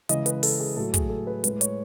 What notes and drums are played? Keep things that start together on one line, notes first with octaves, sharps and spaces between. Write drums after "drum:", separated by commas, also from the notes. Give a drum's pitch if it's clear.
C#3 E3 G#3 D#5, drum: hi-hat
B4, drum: hi-hat
A4, drum: open hi-hat
G#4
A2 F#3 A4
G#4, drum: kick, hi-hat
A4
B4
A2 G#3 B4, drum: hi-hat
C#5, drum: hi-hat